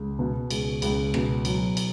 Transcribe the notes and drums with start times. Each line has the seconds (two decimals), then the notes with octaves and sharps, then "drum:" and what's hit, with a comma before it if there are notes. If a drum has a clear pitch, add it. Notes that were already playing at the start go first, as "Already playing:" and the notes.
Already playing: C#2
0.19 B2
0.51 C#2, drum: cymbal
0.82 C#2, drum: cymbal
1.14 B2, drum: rim click
1.45 F#3, drum: cymbal
1.77 drum: cymbal